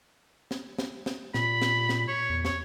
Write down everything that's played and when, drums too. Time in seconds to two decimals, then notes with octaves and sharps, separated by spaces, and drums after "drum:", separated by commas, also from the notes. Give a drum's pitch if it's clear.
0.51 drum: snare
0.79 drum: snare
1.06 drum: snare
1.34 A#2 B5, drum: snare
1.62 drum: snare
1.89 drum: snare
2.08 C#5
2.30 E2
2.45 C#5, drum: snare